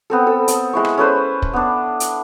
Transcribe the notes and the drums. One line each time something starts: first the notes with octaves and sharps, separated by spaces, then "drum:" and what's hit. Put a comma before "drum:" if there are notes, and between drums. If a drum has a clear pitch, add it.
B3 C4 A4
A4 E6
D#5, drum: hi-hat
G#3 E4 C#6
drum: rim click
C#4 A4 B4 C5
drum: kick
B3 D4
drum: hi-hat